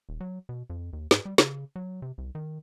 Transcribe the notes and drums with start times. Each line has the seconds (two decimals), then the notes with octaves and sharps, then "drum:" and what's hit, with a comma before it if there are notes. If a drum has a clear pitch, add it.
0.09 D#1
0.21 F#3
0.49 B2
0.70 F2
0.93 D#2
1.11 G#2, drum: snare
1.25 G3
1.38 C#3, drum: snare
1.76 F#3
2.02 C3
2.18 C2
2.35 D#3